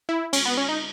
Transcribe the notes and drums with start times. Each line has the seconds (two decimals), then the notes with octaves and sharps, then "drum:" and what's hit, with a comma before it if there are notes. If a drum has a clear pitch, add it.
0.09 E4
0.33 C#4, drum: cymbal
0.45 B3
0.57 C#4
0.69 D#4